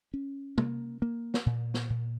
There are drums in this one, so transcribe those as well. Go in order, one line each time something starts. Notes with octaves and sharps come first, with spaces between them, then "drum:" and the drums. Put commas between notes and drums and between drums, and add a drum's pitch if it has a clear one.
C#4
A#3, drum: tom
A#3
drum: snare
A#2
drum: snare
A#2